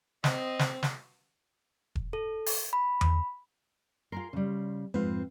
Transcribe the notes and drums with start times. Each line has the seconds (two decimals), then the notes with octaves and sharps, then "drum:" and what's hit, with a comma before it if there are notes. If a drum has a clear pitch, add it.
0.24 C4 D#5, drum: snare
0.59 drum: snare
0.83 drum: snare
1.95 drum: kick E1
2.13 A4
2.46 drum: open hi-hat
2.73 B5
3.01 drum: tom E2
4.12 F4 G#4 A#4 C6
4.33 C#3 G3
4.94 F2 G#2 C4 F4 B4